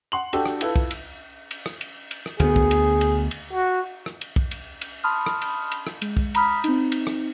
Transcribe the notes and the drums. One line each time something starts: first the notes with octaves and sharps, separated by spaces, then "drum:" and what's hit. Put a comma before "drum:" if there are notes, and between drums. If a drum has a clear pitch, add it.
F#5 C6 F#7
D4 F#4 G4 A4 G5, drum: cymbal
drum: rim click
E4 F4 A4 B4, drum: cymbal
drum: kick
drum: cymbal
drum: cymbal
drum: rim click
drum: cymbal
drum: cymbal
drum: rim click
D2 B3 G#4, drum: cymbal
drum: kick
drum: cymbal
drum: cymbal
drum: cymbal
F#4
drum: rim click
drum: cymbal
drum: kick
drum: cymbal
drum: cymbal
A5 B5 C6 D#6 F6
drum: rim click
drum: cymbal
drum: cymbal
drum: rim click
G#3, drum: cymbal
drum: kick
A#5 B5 D#6 F6 B6, drum: cymbal
C4 D#4, drum: cymbal
drum: cymbal
drum: rim click